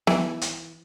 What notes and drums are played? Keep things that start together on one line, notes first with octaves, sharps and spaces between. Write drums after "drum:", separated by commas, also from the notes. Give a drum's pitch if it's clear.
E3, drum: snare B3
drum: hi-hat